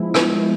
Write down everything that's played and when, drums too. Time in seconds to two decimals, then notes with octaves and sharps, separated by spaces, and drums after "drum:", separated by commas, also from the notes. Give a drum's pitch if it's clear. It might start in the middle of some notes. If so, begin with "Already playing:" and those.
Already playing: F3 G#3 B3 E4
0.14 drum: rim click